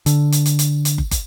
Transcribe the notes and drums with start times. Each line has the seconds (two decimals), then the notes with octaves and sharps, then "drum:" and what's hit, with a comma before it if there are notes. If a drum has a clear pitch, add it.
0.06 D3, drum: hi-hat
0.32 drum: hi-hat
0.46 drum: hi-hat
0.59 drum: hi-hat
0.85 drum: hi-hat
0.98 drum: kick
1.11 drum: kick, hi-hat